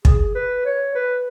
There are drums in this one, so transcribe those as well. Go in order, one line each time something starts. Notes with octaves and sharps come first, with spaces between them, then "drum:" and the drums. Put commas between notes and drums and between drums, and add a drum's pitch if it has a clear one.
G#4, drum: kick
B4
C#5
B4